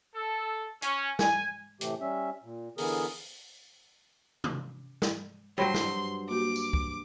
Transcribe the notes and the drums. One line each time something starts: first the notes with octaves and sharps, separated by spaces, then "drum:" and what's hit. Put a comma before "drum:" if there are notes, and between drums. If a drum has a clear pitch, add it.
A4
C#4, drum: hi-hat
G#5, drum: snare
A2 C3 E3 A3 G4, drum: hi-hat
G3 C#4 E5
A#2
D3 E3 B3 G#4 A#4, drum: open hi-hat
drum: tom C3
drum: snare
G2 F#3 C5 C#5 G5 B5 C6
drum: snare
A#3 F#4 G4 D6
drum: tambourine
drum: kick